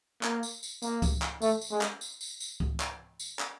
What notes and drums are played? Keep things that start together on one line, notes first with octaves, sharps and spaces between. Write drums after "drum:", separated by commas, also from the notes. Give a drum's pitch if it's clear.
A#3, drum: clap
drum: tambourine
drum: tambourine
A#3, drum: tambourine
drum: kick C#2, tambourine
drum: clap
A3, drum: tambourine
drum: tambourine
G#3
drum: clap
drum: tambourine
drum: tambourine
drum: tambourine
drum: kick C#2
drum: clap
drum: tambourine
drum: clap